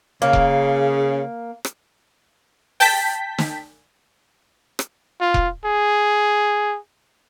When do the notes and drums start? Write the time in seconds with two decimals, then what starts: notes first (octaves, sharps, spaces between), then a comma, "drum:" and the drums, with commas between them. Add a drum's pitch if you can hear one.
0.22 C#3 A#3
0.33 drum: kick E1
1.65 drum: rim click
2.80 G5 A5 G6 B6, drum: open hi-hat
3.38 drum: snare
4.79 drum: rim click
5.21 F4
5.34 drum: kick E1
5.65 G#4